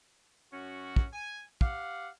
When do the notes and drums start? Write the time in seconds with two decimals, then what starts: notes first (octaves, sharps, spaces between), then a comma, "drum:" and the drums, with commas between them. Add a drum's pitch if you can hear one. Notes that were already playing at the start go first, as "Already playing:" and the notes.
0.52 F#2 C#4 F#4
0.96 drum: kick
1.12 G#5
1.61 G4 F5 F#5, drum: kick